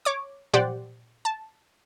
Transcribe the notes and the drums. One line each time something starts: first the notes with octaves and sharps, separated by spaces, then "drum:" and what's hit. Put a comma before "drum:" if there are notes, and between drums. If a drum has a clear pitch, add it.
C#5 D6
G4 C5 D5 F#5 G5, drum: tom A#2
A5